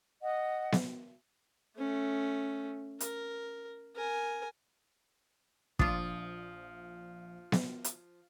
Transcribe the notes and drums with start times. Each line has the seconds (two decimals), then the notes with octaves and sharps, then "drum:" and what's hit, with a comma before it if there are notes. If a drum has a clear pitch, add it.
0.22 D#5 F#5
0.72 drum: snare B3
1.78 A3 C#4
3.00 A#4, drum: hi-hat
3.96 A#4 G#5
5.79 A#1 F3 D4 F4 D#6, drum: kick
7.52 drum: snare B3
7.84 drum: hi-hat